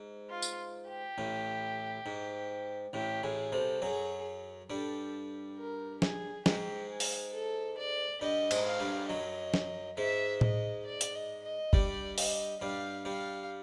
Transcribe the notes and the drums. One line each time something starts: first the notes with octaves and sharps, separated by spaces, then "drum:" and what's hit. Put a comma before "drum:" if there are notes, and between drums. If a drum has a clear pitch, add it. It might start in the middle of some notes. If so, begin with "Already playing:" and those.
Already playing: G#2
F4
drum: tambourine
G4
A1 A2
G#2
A1 A2 G4
A1 A2 G#4
C2 C3 A4
F#2 F#3 G#4
G2 G3 A4
A#4
G#4, drum: snare
G#2 G#3 G4, drum: snare
G#4
drum: open hi-hat
A4
D5
G2 G3 D#5
G#2 G#3, drum: cymbal
F5
G2 G3
F#2 F#3 D#5
drum: snare
G#2 G#3 E5
D#5, drum: tom A2
D5
drum: hi-hat
D#5
D#5
G2 G3 D5, drum: kick
D#5, drum: open hi-hat
G2 G3 F5
G2 G3 F5